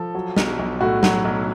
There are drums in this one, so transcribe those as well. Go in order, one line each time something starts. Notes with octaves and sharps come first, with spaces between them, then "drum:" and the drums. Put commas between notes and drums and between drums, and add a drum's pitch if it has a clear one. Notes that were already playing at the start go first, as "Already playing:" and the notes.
Already playing: F3 A4
F#3
B1, drum: snare
B1
A2 F#4
F#3, drum: snare
B1